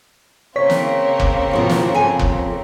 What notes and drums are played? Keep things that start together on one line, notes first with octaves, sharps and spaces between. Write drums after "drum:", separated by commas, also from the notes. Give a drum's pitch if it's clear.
C#3 A#3 C4 C#5 B6
drum: snare
drum: kick F#1
F2 B2 F3
drum: snare
F2 G#5
drum: kick F#1